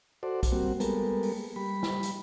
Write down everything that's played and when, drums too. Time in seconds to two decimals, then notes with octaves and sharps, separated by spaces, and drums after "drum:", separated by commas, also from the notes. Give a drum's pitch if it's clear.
0.23 F#4 A4 C5 D5
0.43 drum: kick, hi-hat
0.52 G3 A#3 C4 F#4
0.80 G3 G#3 A#3 B3 A4 A#4, drum: hi-hat
1.23 drum: open hi-hat
1.56 G3 B5
1.83 drum: snare
2.03 drum: hi-hat